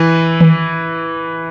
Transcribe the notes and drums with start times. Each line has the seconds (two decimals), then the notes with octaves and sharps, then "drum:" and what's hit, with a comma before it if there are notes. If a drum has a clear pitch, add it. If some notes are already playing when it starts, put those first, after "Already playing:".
Already playing: E3
0.41 drum: tom D#3